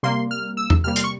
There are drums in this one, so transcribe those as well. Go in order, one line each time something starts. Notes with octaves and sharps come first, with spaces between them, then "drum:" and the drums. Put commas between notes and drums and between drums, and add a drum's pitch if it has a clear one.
C3 G3 A#3 C6
F6
E6
drum: tom E2
C3 G3 A#3 F6
C6, drum: hi-hat
C#6